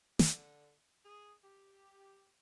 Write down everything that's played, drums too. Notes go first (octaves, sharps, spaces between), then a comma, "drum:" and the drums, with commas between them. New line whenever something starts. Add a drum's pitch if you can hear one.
D3, drum: snare
G#4
G4